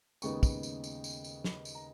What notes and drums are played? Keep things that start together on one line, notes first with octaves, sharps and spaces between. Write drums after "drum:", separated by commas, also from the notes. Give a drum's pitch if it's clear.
D#2 C#3 G#3 B3 D#4 C#6, drum: tambourine
drum: kick, tambourine
drum: tambourine
drum: tambourine
drum: tambourine
drum: tambourine
B5, drum: snare
drum: tambourine
A#5